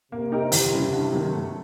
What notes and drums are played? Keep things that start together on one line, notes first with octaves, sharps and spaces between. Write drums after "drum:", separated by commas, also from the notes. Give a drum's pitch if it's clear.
C3 A#3
D#4 G4 A#4
E2, drum: open hi-hat
C#3 E3 G3
G2
D#3 F#3
A3